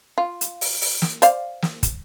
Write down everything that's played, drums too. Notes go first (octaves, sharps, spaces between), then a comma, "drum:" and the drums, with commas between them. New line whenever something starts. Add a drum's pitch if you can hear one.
F4
drum: hi-hat
drum: open hi-hat
drum: open hi-hat
drum: snare
C5 D5 F5, drum: hi-hat
drum: snare
drum: kick, hi-hat